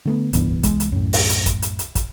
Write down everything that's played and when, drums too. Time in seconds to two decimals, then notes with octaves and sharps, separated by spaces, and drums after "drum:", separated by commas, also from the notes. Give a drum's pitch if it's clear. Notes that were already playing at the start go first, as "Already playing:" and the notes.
0.05 D3 A3 B3
0.33 D1 C2 G2 E3 B3, drum: hi-hat
0.63 G#3, drum: kick, hi-hat
0.80 drum: hi-hat
0.92 F#2 A2
1.13 drum: open hi-hat
1.29 drum: hi-hat
1.46 drum: kick, hi-hat
1.62 drum: hi-hat
1.79 drum: hi-hat
1.95 drum: kick, hi-hat